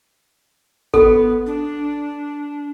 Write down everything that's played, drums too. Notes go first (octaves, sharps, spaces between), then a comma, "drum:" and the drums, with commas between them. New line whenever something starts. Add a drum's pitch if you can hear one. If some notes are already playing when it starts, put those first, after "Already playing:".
B3 A4, drum: kick G#1
D4